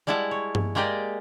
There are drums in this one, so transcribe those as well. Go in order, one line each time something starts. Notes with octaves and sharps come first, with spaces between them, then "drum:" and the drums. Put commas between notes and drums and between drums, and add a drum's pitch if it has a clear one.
G3 G#3 E4 F#5 A5
C#5
drum: tom G2
G#3 A#3 G4 D5 D#5 G5